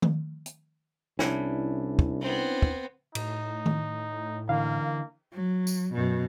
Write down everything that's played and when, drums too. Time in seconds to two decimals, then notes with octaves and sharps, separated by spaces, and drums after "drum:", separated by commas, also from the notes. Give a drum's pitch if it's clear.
0.02 drum: tom D#3
0.46 drum: hi-hat
1.19 C2 C#4 D4 E4, drum: snare
1.99 drum: kick
2.21 B3 C4
2.62 drum: kick
3.15 A2 D#4, drum: cymbal
3.66 drum: tom D#3
4.49 D3 E3 A#3 F5
5.33 F#3
5.67 drum: tambourine
5.94 F#2 B2